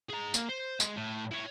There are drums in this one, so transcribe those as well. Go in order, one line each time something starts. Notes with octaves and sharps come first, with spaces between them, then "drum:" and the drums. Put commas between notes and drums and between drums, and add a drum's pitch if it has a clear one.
G#4 A#5
A#3, drum: tambourine
C5
G#3, drum: tambourine
A2
E4 C#5